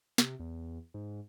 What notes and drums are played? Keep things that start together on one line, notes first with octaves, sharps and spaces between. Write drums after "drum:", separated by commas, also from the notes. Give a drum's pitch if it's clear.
C3, drum: snare
E2
G#2